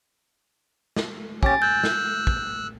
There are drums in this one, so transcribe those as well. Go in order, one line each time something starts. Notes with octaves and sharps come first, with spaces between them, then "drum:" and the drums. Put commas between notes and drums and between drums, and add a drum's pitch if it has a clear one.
drum: snare
C#4 G4 G#5 A6, drum: kick
E6 F#6 G6
drum: snare
drum: kick